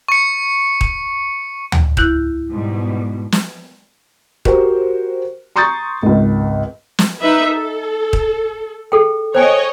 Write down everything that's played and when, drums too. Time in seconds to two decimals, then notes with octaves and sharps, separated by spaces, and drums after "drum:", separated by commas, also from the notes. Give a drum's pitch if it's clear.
0.08 C#6 C#7
0.81 drum: kick D#1
1.72 drum: tom D2
1.97 E4 F#6 G6, drum: kick D#1
2.50 G#2 B2 G3
3.32 drum: snare
4.45 F#4 G4 A#4 C5, drum: kick D#1
5.56 A#5 C6 C#6 D#6 G6 A6
6.02 G#1 C#2
6.99 drum: snare
7.21 D#4 B4 E5
7.53 A4
8.13 drum: kick D#1
8.92 G#4 A4 G5
9.35 C5 C#5 D#5 G5 G#5